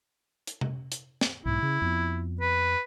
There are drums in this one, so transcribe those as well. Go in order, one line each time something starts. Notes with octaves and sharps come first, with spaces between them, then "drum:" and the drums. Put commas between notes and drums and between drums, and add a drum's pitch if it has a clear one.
drum: hi-hat
drum: tom C3
drum: hi-hat
drum: snare
B1 G#2 E4
C#3
F2 B3
B4